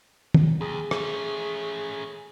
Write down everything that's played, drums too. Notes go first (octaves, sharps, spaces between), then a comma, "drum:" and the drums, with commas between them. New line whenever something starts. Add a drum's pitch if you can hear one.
drum: tom
D#2 G#4
A3 C#4, drum: rim click